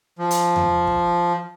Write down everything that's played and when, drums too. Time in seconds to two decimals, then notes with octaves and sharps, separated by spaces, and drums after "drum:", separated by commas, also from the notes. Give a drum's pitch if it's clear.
0.19 F3
0.31 drum: hi-hat
0.56 drum: tom E2
0.87 drum: kick